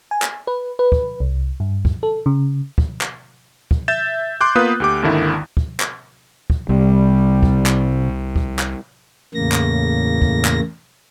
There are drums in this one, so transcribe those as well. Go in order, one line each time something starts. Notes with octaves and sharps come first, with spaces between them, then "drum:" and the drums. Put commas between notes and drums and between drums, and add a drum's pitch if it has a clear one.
G#5
drum: clap
B4
B4
drum: kick
C2
G2
drum: kick
A4
C#3
drum: kick
drum: clap
drum: kick
E5 G6 A6 E7
C6 D6 F#6 G6
A#3 B3 F4 B4 D#6
D2 G4 D6
G#1 D#2 D3 D#3 E4
drum: kick
drum: clap
drum: kick
C2 C3 G3
drum: kick
drum: clap
drum: kick
drum: clap
E2 A2 C#3 A#3 A#6
drum: clap
drum: kick
drum: clap